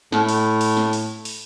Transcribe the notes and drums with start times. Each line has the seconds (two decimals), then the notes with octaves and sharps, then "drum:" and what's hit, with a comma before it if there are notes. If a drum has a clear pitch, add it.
0.12 A2, drum: snare
0.29 drum: open hi-hat
0.61 drum: open hi-hat
0.77 drum: snare
0.93 drum: open hi-hat
1.25 drum: open hi-hat